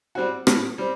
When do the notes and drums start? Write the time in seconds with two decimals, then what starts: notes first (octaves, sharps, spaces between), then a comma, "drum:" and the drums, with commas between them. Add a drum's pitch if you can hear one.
0.15 G3 C4 F#4
0.47 A2, drum: rim click
0.78 G3 C4